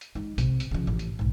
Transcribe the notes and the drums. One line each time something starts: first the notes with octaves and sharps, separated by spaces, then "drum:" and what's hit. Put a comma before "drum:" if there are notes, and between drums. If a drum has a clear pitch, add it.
drum: hi-hat
G#3 D#4
C3, drum: kick A1, hi-hat
drum: hi-hat
C#3 F3
A1
drum: hi-hat
B1 G#2